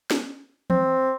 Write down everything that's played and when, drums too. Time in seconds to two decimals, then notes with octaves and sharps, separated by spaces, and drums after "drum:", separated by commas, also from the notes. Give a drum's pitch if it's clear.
0.11 drum: snare
0.70 C4, drum: tom E3